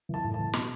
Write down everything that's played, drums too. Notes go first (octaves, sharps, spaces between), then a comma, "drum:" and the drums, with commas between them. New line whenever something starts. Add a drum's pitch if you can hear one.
E3 A5
A2
E3 A5
B2, drum: snare